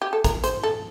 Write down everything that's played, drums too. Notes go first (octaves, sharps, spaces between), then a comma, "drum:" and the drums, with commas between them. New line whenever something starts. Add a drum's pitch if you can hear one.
G4
A4
A#4, drum: kick G#1, hi-hat
C5, drum: hi-hat
A4